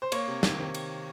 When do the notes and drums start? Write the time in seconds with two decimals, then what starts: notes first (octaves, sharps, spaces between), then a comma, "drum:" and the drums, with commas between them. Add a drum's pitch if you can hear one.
0.02 C5
0.12 A#3 C#5, drum: cymbal
0.28 C3
0.43 D#3, drum: snare
0.59 C3
0.74 drum: cymbal